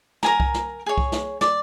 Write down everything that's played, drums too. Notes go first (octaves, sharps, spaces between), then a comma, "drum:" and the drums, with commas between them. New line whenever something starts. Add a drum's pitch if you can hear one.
A#4 G#5 A#5, drum: snare
drum: kick C2
drum: snare
G#4 C#5
drum: kick C2
drum: snare
D5, drum: snare